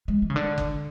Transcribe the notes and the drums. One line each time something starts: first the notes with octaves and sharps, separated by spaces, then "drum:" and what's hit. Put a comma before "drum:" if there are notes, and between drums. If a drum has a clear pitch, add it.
G#3
E3
C#3
D3
drum: kick F#1